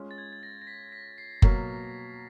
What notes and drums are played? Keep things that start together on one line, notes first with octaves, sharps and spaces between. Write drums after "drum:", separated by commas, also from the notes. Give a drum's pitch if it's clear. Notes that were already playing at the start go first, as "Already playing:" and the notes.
Already playing: G#3 C#4 F4
A6
G#6
A6
A#6
A#6
B6
B6
C7
B2 F#3 A#3 B6, drum: kick F#1